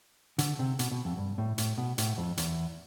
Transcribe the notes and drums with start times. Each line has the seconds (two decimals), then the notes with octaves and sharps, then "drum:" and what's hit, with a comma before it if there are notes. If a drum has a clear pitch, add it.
0.38 D3, drum: hi-hat
0.59 C3
0.79 B2, drum: hi-hat
0.91 B2
1.05 F2
1.18 G2
1.38 A2
1.58 A2, drum: hi-hat
1.78 B2
1.98 A2, drum: hi-hat
2.18 F2
2.37 E2, drum: hi-hat